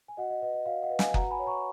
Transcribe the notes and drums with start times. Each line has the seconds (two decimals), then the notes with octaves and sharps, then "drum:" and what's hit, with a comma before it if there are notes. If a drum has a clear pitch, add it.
0.08 G#5
0.17 F#4 D#5 F#5
0.30 D#5
0.42 B4 D#5
0.54 D#5
0.66 F#4 F5
0.82 D#5 F#5
0.90 B4
0.99 F5 G#5, drum: snare
1.14 F#4 F#5 A#5, drum: kick F#1
1.31 G#5 B5
1.39 C#5
1.46 A#5 C#6